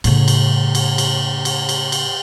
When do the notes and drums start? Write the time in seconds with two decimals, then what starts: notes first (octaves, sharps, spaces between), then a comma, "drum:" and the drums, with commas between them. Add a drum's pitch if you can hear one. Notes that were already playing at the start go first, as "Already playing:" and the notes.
0.04 A2 C#3, drum: cymbal
0.28 drum: cymbal
0.75 drum: cymbal
0.98 drum: cymbal
1.45 drum: cymbal
1.69 drum: cymbal
1.92 drum: cymbal